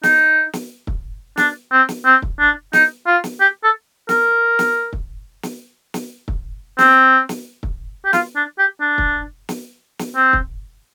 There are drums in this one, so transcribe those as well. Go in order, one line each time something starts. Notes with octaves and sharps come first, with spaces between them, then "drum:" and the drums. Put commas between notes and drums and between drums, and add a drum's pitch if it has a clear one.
D#4, drum: snare
drum: snare
drum: kick
D4, drum: snare
C4
drum: snare
C4
drum: kick
D4
D#4, drum: snare
F4
drum: snare
G4
A4
A#4, drum: snare
drum: snare
drum: kick
drum: snare
drum: snare
drum: kick
C4, drum: snare
drum: snare
drum: kick
G4
F4, drum: snare
D4
G4
D4
drum: kick
drum: snare
drum: snare
C4
drum: kick